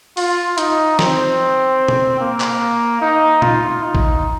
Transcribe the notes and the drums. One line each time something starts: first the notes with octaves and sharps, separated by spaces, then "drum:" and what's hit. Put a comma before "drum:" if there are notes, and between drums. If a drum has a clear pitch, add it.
F4, drum: open hi-hat
D#4, drum: hi-hat
C4, drum: snare
drum: tom B2
A#3
drum: clap
D#4
F4, drum: tom A#2
D#4
drum: kick A#1